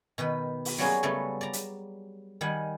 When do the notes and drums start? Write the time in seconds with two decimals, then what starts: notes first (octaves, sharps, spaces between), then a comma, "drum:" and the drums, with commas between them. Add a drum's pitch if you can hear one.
0.18 B2 D#3 B4 G5
0.65 drum: open hi-hat
0.78 F#3 G3 A#3 C#4 F#4 G#4
1.03 C#3 F#3 G3 A3 B3 A4
1.41 D5 A#5
1.53 drum: hi-hat
2.41 D#3 G3 F#5 G#5